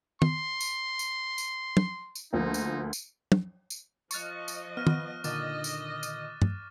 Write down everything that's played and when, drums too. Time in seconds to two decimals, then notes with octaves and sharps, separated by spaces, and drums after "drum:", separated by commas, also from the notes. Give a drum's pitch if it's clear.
0.22 C6, drum: tom
0.60 drum: tambourine
0.99 drum: tambourine
1.38 drum: tambourine
1.77 drum: tom
2.15 drum: tambourine
2.33 D2 F3 A#3 D#4
2.54 drum: tambourine
2.93 drum: tambourine
3.32 drum: tom
3.70 drum: tambourine
4.11 F3 D#5 C#6 F6 F#6 A6 C#7, drum: tambourine
4.48 drum: tambourine
4.77 B3 F6 A#6 D#7
4.87 drum: tom
5.24 A#2 D3 D#3 D#5 D6 A6, drum: tambourine
5.64 drum: tambourine
6.03 drum: tambourine
6.42 drum: tom